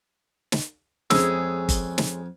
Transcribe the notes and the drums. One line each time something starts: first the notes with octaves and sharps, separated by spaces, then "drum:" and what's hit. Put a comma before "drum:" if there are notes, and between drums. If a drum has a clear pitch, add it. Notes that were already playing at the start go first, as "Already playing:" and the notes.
drum: snare
F2 G#3 C#4 G#4 E6, drum: snare
drum: kick G1, hi-hat
drum: snare